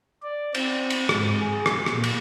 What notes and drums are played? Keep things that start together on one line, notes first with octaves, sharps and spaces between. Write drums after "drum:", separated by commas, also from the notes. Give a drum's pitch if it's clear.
D5
C4, drum: cymbal
drum: cymbal
G#2, drum: rim click
G#4
drum: rim click
A#2, drum: rim click
drum: cymbal